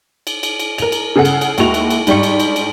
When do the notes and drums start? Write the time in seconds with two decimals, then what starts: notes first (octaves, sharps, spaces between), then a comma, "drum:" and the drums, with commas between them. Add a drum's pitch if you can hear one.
0.27 drum: cymbal
0.43 drum: cymbal
0.59 drum: cymbal
0.78 A#4 F7, drum: cymbal
0.92 drum: cymbal
1.16 C#3 G#4 A4 F#5
1.25 drum: cymbal
1.41 drum: cymbal
1.58 D#2 G#3 E4 F#4 C#6 F7, drum: cymbal
1.74 drum: cymbal
1.90 drum: cymbal
2.07 G#2 G3 D4 C#6 C#7, drum: cymbal
2.23 drum: cymbal
2.40 drum: cymbal
2.56 drum: cymbal